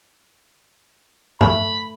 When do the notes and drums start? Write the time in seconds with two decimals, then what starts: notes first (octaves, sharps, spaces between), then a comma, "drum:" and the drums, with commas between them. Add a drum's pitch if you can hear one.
1.41 A3 B5, drum: tom G2